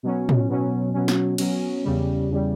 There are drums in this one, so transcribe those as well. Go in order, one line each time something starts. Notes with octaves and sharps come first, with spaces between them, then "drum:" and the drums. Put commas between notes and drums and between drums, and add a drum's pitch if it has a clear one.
B2 F#3 C#4
drum: tom
B2 F#3 C#4
B2 F#3 C#4
drum: snare
B2 F#3 C#4, drum: cymbal
E2 C#3 G3
E2 C#3 G3